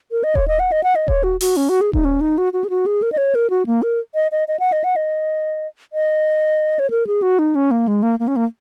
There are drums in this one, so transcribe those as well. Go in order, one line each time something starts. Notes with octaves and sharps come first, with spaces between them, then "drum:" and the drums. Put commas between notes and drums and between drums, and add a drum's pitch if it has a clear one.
A#4
D#5
C#5, drum: kick D#1
D#5
F#5
D#5
F#5
D#5
C#5, drum: kick D#1
F#4
F#4, drum: open hi-hat
C#4
F#4
G#4
D#4, drum: kick D#1
C#4
D#4
F#4
F#4
G#4
F#4
G#4
A#4
D#5
C#5
A#4
F#4
A#3
A#4
D#5
D#5
D#5
F#5
D#5
F#5
D#5
D#5
C#5
A#4
G#4
F#4
D#4
C#4
A#3
G#3
A#3
A#3
C#4
A#3